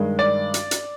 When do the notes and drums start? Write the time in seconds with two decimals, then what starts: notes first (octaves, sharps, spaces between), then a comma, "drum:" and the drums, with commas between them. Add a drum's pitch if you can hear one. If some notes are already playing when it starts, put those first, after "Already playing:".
Already playing: G2 D#3 G#3
0.19 D5
0.54 drum: hi-hat
0.71 drum: hi-hat